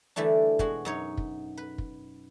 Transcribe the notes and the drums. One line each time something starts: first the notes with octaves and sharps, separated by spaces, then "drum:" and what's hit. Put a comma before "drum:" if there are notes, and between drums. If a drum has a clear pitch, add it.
D3 E3 G3 A3 D4
B2 G#3 F#4, drum: kick
F#2 D#4 C#5
drum: kick
B4
drum: kick